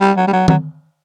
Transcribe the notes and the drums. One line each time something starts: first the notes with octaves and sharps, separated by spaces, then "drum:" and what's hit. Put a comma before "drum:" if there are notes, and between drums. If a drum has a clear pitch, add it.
G3
F#3
G3
F#3
F#3, drum: tom D#3